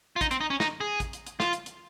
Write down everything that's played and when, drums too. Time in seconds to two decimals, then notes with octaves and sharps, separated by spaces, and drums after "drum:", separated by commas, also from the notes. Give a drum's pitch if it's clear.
0.16 F4
0.21 D#4, drum: kick A1, hi-hat
0.31 C4, drum: hi-hat
0.41 D#4
0.50 C#4
0.60 D#4, drum: snare
0.81 G#4
1.00 drum: kick A1, hi-hat
1.13 drum: hi-hat
1.27 drum: hi-hat
1.40 F4, drum: snare
1.53 drum: hi-hat
1.66 drum: hi-hat